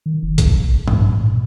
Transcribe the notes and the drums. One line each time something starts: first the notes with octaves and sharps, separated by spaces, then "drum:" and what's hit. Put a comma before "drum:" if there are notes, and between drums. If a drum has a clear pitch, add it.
D#3
F1
A1, drum: kick B1, hi-hat
C2
A1
G2, drum: tom G#2
G#2
A#2